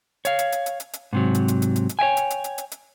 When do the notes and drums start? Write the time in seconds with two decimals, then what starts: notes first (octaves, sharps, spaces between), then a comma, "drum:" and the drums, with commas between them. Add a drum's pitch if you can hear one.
0.25 C#5 F5, drum: hi-hat
0.39 drum: hi-hat
0.52 drum: hi-hat
0.66 drum: hi-hat
0.80 drum: hi-hat
0.93 drum: hi-hat
1.13 G#2 C3 F#3
1.35 drum: hi-hat
1.48 drum: hi-hat
1.62 drum: hi-hat
1.76 drum: hi-hat
1.89 drum: hi-hat
1.99 C#5 E5 G5 G#5
2.17 drum: hi-hat
2.30 drum: hi-hat
2.44 drum: hi-hat
2.58 drum: hi-hat
2.72 drum: hi-hat